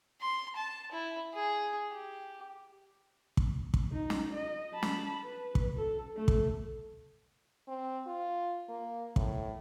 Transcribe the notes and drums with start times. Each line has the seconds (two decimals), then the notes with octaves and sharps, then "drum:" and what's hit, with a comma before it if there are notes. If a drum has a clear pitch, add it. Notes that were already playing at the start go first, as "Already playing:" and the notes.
0.21 C6
0.56 A5
0.91 E4
1.34 G#4
1.92 G4
3.37 drum: kick
3.74 drum: kick
3.92 D#4
4.10 drum: snare
4.34 D#5
4.73 A5 B5
4.83 drum: snare
5.25 B4
5.55 drum: kick
5.77 A4
6.16 A3
6.28 drum: kick
7.68 C4
8.07 F4
8.69 A#3
9.16 A2, drum: kick